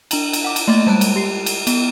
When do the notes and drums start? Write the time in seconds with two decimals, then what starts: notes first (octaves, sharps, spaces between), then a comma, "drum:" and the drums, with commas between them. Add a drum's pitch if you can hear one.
0.11 D4 A#5 F#7, drum: cymbal
0.33 drum: cymbal
0.44 F#5 D6
0.56 drum: cymbal
0.68 A3 A#3 D#5 D6 A6
0.87 G3 G#3 A5 F#6 D7
1.01 drum: cymbal
1.16 G4 C7
1.46 drum: cymbal
1.67 B3, drum: cymbal